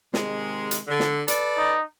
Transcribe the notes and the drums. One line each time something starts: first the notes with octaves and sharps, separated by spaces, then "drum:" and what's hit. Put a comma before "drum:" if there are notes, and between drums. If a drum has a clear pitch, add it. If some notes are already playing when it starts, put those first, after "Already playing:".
C3 D#3 G#3, drum: snare
drum: hi-hat
D3
drum: snare
A4 B4 D5, drum: hi-hat
D#4